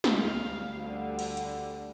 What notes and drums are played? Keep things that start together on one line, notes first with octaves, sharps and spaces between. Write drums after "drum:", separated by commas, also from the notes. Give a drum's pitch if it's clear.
drum: snare
D2 G3 F5
D3
drum: cymbal
drum: hi-hat